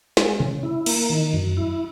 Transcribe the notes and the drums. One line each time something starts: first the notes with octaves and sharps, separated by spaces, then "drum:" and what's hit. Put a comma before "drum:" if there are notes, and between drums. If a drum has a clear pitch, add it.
G#3, drum: snare
C#3, drum: tom
E4
A#3, drum: cymbal
D#3
F#2
E4